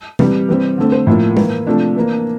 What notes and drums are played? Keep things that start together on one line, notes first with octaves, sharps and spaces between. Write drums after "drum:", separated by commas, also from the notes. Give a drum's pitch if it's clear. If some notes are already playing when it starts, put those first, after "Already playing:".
C3 E3 G3 G4, drum: tom C3
E3 G3 C4
D3 A3 C4
C5
A2 F3 A#3 E4
E3 A#3, drum: tom G#3
C3 F3 A3 D4
E3 A#3